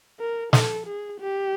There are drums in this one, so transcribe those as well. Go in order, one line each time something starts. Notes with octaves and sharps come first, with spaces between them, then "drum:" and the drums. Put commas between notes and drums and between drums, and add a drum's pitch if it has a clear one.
A#4
A4, drum: snare
G#4
G4